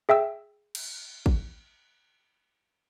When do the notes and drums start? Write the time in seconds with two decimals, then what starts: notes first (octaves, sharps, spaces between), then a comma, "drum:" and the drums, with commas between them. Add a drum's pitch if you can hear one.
0.09 G#4 E5 G5 E6
0.75 drum: cymbal
1.26 drum: kick